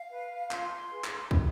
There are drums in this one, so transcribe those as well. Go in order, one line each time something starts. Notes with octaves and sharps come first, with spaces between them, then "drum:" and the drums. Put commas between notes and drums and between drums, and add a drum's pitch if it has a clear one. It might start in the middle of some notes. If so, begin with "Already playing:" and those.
Already playing: F5
B4
F4 C6, drum: clap
G#4 B4
drum: clap
C6
F4 B5, drum: kick